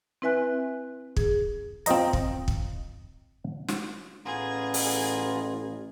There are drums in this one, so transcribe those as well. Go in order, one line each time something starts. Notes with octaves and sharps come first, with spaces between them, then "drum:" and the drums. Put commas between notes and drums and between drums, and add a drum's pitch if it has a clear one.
C4 E4 B4 E5 G#5 F#6
G#4, drum: kick
C4 F4 C5 D#5 A#5, drum: hi-hat
drum: kick
drum: kick
drum: snare
A1 B3 F4 G#4 A#5
drum: open hi-hat